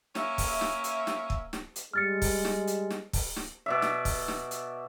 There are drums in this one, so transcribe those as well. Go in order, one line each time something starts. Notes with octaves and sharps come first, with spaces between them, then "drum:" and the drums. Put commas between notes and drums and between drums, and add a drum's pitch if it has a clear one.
A#3 C#4 E5, drum: snare
drum: kick, open hi-hat
drum: snare
drum: hi-hat
drum: snare
drum: kick
drum: snare
drum: hi-hat
G3 G#3 F6 A6 C#7
drum: kick, open hi-hat
drum: snare
drum: hi-hat
drum: snare
drum: kick, open hi-hat
drum: snare
B2 D5 E5
drum: snare
drum: kick, open hi-hat
drum: snare
drum: hi-hat